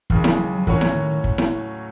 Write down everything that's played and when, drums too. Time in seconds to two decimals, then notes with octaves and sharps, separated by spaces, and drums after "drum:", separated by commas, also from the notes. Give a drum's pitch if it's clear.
0.10 D#2 C#3 E3 G#3, drum: kick
0.24 drum: snare E4
0.38 F#3
0.67 A2 E3 F#3 C#4 F#4 C#5, drum: kick
0.81 drum: snare E4
0.95 D#3
1.24 drum: kick
1.38 drum: snare E4